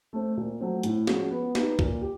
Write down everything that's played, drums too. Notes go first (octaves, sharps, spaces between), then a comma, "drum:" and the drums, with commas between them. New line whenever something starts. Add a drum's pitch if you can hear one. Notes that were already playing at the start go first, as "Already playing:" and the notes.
A3 C4
A#2
F#3 A3 C4
A2, drum: hi-hat
F3 G#3 C#4 F#4, drum: snare
B3
D#4 G4 B4, drum: snare
A#2, drum: kick
G4